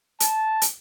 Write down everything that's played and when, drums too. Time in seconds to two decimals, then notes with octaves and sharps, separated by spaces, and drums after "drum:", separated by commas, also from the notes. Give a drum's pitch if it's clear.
0.20 A5, drum: hi-hat
0.62 drum: hi-hat